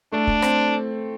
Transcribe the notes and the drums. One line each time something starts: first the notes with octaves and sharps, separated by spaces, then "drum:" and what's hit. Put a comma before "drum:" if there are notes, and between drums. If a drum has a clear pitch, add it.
A3 D4
drum: kick
C4, drum: rim click